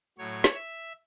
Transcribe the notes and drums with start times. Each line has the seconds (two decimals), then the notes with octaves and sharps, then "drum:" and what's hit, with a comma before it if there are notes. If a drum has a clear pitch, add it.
0.18 A2 F#3 C#5
0.44 drum: snare
0.55 E5